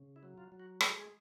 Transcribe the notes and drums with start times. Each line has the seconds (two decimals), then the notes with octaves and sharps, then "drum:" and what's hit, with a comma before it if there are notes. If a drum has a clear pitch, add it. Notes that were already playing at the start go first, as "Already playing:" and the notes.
Already playing: C#3
0.16 E4
0.23 F#3
0.38 F4
0.52 F#3
0.60 F#4
0.81 G#3 A#4, drum: rim click
0.89 A4
0.98 G#4